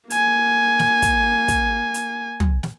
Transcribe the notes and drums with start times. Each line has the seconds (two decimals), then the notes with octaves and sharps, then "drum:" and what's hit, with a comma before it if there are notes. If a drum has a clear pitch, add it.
0.10 A#3 G#5, drum: hi-hat
0.79 drum: snare
1.02 drum: kick, hi-hat
1.48 drum: kick, hi-hat
1.94 drum: hi-hat
2.40 drum: tom
2.63 drum: snare